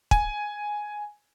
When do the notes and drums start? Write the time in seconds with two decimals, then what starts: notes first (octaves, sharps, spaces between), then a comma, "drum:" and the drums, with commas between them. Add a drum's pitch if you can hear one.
0.11 G#5, drum: kick